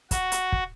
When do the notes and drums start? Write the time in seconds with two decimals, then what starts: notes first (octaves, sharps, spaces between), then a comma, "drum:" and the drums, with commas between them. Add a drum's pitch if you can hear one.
0.11 F#4, drum: kick, hi-hat
0.32 drum: hi-hat
0.52 drum: kick